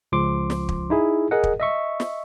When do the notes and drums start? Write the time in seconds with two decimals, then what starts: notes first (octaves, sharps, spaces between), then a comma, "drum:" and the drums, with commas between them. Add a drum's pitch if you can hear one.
0.12 C#2 F3 C6 D6
0.50 drum: snare
0.69 drum: kick
0.90 D#4 E4 G#4
1.31 G#4 A#4 D#5 F#5
1.43 drum: kick
1.60 D#5 E5 C#6
2.00 drum: snare